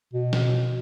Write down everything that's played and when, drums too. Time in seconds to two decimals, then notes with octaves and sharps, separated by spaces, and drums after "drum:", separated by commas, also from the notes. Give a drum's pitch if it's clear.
0.14 B2
0.33 drum: snare